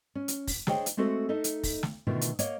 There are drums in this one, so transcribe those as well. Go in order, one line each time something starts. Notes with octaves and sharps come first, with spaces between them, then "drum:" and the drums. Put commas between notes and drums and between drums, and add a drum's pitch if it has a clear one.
C#4
drum: hi-hat
drum: kick, open hi-hat
D4 G#4 C5 C#5 D#5 G5, drum: snare
drum: hi-hat
G#3 A3 C4 F#4 A4
D#4 A4 D#5 E5
drum: hi-hat
drum: kick, open hi-hat
drum: snare
B2 D3 D#3 A3 F4
drum: hi-hat
A#3 C#5 D#5 F#5, drum: hi-hat